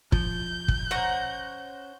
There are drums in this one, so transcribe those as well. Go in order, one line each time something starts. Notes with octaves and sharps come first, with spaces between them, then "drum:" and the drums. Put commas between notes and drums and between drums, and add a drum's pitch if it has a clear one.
F3 G6, drum: kick
drum: kick
C#4 C5 F#5 A#5